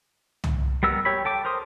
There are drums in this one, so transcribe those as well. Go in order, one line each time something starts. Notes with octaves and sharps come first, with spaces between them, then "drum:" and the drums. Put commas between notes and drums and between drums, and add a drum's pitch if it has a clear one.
drum: tom
G3 B3 A#4 E6
G4 C#5 B5
A4 G5 D6
A#4 C5 C6 D#6